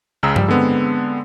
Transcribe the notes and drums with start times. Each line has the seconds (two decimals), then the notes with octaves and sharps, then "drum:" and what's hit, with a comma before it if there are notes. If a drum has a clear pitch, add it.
0.23 C#2 C#3 A#5 E6
0.36 F3 G3, drum: tom G2
0.48 D3 G#3 B3 C4